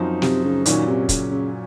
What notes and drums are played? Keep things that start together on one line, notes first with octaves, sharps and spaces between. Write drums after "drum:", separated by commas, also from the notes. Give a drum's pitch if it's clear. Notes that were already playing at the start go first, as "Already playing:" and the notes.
Already playing: F#2 F3 C4 D#4
C3, drum: snare
C#3
A#2 D#3 F#3 C#4, drum: hi-hat
C3
C#3, drum: kick, hi-hat
C#3